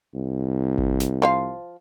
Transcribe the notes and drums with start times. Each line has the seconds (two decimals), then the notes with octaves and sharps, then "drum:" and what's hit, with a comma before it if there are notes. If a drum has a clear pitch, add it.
0.15 C2
0.78 drum: kick G#1
1.00 drum: snare
1.22 F3 C5 F5